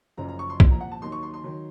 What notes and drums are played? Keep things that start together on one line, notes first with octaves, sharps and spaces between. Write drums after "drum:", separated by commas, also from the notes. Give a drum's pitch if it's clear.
F#1 F#2 C#3 F3 A#5
A#5
C#6
C6
C2 A#2 F3, drum: kick
A#5
F#5
A5
D#2 D#3 F#3 C6
C#6
C6
C6
D#3 F#3